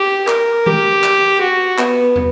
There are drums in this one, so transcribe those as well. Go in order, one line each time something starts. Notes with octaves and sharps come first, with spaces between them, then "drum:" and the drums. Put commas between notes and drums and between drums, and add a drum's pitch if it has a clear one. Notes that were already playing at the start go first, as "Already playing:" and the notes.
Already playing: G4
A#4, drum: clap
G4, drum: tom D#3
drum: clap
F#4
B3, drum: clap
drum: tom